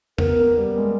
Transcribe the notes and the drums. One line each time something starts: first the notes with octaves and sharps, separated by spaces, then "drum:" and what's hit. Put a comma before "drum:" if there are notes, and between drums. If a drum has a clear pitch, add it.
B3 A#4, drum: tom E2
A#3
G3
G#3